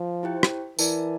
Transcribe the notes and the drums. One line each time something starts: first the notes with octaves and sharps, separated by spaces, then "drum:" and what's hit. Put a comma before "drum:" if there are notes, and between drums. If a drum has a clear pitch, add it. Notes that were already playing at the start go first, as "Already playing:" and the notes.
Already playing: F3
E4 G4 C5 G5
drum: rim click
E3 E4 A#4 D5 A5, drum: tambourine